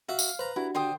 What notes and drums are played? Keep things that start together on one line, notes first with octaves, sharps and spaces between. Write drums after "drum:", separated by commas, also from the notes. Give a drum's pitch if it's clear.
F#4 E5 F5
drum: tambourine
B4 C5 A#5
D4 E4 F#4 G4
D3 C5 G5 D#6